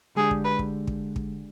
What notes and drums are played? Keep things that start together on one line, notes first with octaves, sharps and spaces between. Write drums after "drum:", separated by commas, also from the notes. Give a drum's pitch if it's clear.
D3 G#3 D4 G4 G#4
drum: kick
B4
drum: kick
drum: kick
drum: kick